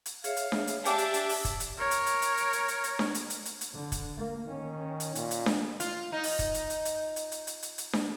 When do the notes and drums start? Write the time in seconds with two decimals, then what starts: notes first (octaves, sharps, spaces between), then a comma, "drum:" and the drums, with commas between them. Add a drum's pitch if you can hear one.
0.06 drum: hi-hat
0.24 G#4 C#5 E5 F5, drum: hi-hat
0.36 drum: hi-hat
0.52 drum: snare D4
0.67 drum: hi-hat
0.85 D4 G4 E5 G5 G#5 D6, drum: hi-hat
0.98 drum: hi-hat
1.14 drum: hi-hat
1.29 drum: open hi-hat
1.45 drum: kick, hi-hat
1.60 drum: hi-hat
1.79 A#4 C#5
1.91 drum: hi-hat
2.06 drum: hi-hat
2.22 drum: hi-hat
2.37 drum: hi-hat
2.53 drum: hi-hat
2.68 drum: hi-hat
2.84 drum: hi-hat
2.99 drum: snare D4
3.15 drum: hi-hat
3.30 drum: hi-hat
3.45 drum: hi-hat
3.61 drum: hi-hat
3.73 D3
3.92 drum: kick, hi-hat
4.16 A#3
4.47 D#3 C#4
5.00 drum: hi-hat
5.15 A#2, drum: hi-hat
5.31 drum: hi-hat
5.46 drum: snare D4
5.80 F4, drum: hi-hat
6.12 D#4
6.23 drum: open hi-hat
6.39 drum: kick, hi-hat
6.54 drum: hi-hat
6.70 drum: hi-hat
6.85 drum: hi-hat
7.16 drum: hi-hat
7.32 drum: hi-hat
7.47 drum: hi-hat
7.62 drum: hi-hat
7.78 drum: hi-hat
7.93 drum: snare D4